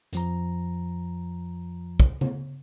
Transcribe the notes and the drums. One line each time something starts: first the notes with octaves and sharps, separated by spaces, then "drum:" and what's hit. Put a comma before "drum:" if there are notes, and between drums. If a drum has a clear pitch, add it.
F2 F3 A#5, drum: hi-hat
drum: kick
drum: tom C#3